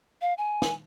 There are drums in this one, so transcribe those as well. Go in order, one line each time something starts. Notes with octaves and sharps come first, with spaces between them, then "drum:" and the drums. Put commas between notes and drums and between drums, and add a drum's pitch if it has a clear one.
F5
G#5
drum: snare